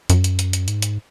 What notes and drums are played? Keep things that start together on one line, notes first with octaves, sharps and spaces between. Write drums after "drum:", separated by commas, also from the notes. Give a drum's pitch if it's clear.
F#2, drum: hi-hat
drum: hi-hat
drum: hi-hat
drum: hi-hat
G#2, drum: hi-hat
drum: hi-hat